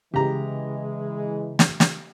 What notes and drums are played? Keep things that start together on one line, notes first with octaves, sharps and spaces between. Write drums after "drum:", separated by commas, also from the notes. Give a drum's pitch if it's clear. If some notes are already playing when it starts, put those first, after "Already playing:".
C#3 E3 G#3 G4 A#5
drum: snare
drum: snare